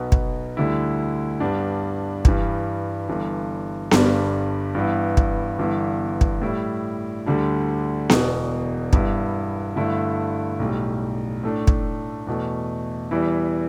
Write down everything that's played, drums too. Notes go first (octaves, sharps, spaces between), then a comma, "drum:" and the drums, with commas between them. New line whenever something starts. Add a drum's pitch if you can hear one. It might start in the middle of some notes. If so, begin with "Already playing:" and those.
Already playing: B1 B2 B3
drum: kick
D2 D3 G3 E4
G2 G3 B3 D4
G2 E3 G3, drum: kick
G1 G2 E3
G1 G2 G3 D4, drum: snare B3
G2 E3 B3 E4
drum: kick
G1 G2 E3 B3 E4
drum: kick
A2 G3 E4
D2 D3 G3 D4
E1 E2 B2, drum: snare B3
G2 G3 B3 E4, drum: kick
G2 D3 A3 E4
B1 A2 G3
A2 A3 D4
drum: kick
E2 B2 A3
E2 E3 G3 E4